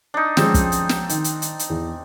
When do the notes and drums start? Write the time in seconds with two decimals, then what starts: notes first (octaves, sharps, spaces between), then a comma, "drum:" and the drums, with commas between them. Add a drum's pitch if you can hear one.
0.14 D4 D#4
0.37 F3 G#3 C4 C#4, drum: snare
0.54 drum: kick, hi-hat
0.72 drum: hi-hat
0.89 drum: snare
1.09 D#3, drum: hi-hat
1.24 drum: hi-hat
1.42 drum: hi-hat
1.59 drum: hi-hat
1.70 E2